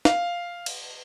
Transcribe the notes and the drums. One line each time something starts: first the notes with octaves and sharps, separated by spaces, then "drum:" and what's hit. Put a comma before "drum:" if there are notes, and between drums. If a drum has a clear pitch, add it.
F5, drum: snare
drum: cymbal